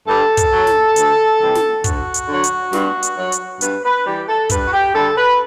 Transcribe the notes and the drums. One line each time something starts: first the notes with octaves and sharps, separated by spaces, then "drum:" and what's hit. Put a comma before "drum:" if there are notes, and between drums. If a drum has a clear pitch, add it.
G2 A4
drum: kick, hi-hat
F#3
drum: snare
D2, drum: hi-hat
C3 E3 G3
drum: snare
D2 F#4, drum: kick, hi-hat
drum: hi-hat
D3 F#3
drum: hi-hat
G2, drum: snare
drum: hi-hat
F#3
drum: hi-hat
G2 B4, drum: hi-hat
B4
E3 G3 G4
A4
G2 B4, drum: kick, hi-hat
F#4
G4
D3 G3 A4
B4